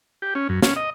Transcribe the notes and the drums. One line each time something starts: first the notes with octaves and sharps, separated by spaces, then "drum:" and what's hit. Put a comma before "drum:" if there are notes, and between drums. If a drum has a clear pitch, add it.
G4
C#4
F#2
C#4, drum: snare
D#5